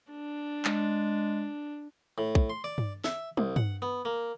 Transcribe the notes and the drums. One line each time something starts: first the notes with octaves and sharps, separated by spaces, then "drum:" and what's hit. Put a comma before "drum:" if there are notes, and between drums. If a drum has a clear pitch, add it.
D4
G#3, drum: clap
A2
drum: kick
C6
D5
drum: tom G2
E5, drum: snare
C2, drum: tom
F#5, drum: tom
B3
A#3